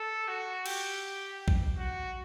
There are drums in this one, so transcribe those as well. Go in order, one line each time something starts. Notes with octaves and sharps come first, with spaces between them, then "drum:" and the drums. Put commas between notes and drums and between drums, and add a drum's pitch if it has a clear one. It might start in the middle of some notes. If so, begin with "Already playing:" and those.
Already playing: A4
F#4
G4, drum: cymbal
drum: kick A#1
F#4